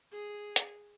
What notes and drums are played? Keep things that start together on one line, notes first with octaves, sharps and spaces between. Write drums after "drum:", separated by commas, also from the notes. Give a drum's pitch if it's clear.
G#4
drum: hi-hat